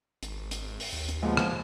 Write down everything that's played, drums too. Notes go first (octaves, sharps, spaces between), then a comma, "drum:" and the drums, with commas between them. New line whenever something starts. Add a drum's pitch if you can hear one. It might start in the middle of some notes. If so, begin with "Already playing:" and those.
G#1, drum: hi-hat
drum: hi-hat
drum: open hi-hat
D#2
drum: hi-hat
A#2 F3 G#3 B3
drum: rim click